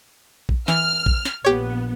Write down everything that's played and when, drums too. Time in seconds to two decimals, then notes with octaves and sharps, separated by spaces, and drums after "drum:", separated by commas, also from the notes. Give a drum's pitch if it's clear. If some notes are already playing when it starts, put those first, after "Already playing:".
0.49 drum: kick A#1
0.68 E3 F6, drum: snare
1.06 drum: kick A#1
1.25 drum: snare
1.44 A#1 B3 G4 C#5